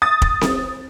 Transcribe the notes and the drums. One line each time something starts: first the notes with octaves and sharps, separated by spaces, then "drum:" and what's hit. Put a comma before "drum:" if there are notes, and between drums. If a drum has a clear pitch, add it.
D#6 A6
drum: kick
drum: snare C4